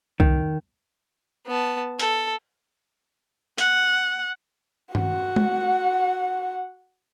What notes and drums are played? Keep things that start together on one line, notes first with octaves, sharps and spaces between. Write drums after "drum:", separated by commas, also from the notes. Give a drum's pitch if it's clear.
D#3, drum: kick C2
B3 A5
A4, drum: hi-hat
F#5, drum: hi-hat
F#4 F#5, drum: tom G2
drum: tom G#3